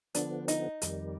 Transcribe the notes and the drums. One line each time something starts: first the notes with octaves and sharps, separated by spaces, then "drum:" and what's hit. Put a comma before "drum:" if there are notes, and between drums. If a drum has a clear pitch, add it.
D3 F3 B3 D4, drum: hi-hat
D#4, drum: hi-hat
F2 D#3 G3, drum: hi-hat